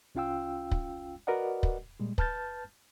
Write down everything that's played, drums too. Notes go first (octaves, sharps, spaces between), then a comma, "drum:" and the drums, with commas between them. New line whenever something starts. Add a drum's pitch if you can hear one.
C2 C#4 F4 F5 G5 E6
drum: kick
F#4 A#4 B4 D5 D#5 F#5
drum: kick
A#2 G3 G#3
B4 A5 F6 G6 A6, drum: kick